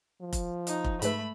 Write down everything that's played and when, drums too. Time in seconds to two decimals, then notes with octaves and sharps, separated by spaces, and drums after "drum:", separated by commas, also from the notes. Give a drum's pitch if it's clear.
0.21 F3
0.33 drum: kick F1, hi-hat
0.67 D#4, drum: hi-hat
0.85 drum: kick F1
1.02 G#2 A3 B4 E5 B5, drum: hi-hat